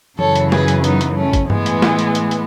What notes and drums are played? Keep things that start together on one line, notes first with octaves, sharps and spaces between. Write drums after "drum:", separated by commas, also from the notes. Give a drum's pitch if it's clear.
F#2 C#3 E3 A4 C#5, drum: tom E3
drum: hi-hat
G#4 B4, drum: snare
drum: hi-hat
B3 D#4, drum: hi-hat
drum: hi-hat
A3 C#4
drum: kick, hi-hat
A2 E3 G#3 B3, drum: tom G2
drum: hi-hat
drum: snare
drum: hi-hat
drum: hi-hat
drum: hi-hat